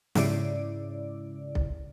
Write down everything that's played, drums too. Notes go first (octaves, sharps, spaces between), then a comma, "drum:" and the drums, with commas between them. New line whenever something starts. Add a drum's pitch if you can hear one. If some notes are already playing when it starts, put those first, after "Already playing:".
G#2 C#3 E4 D5, drum: snare
drum: kick B1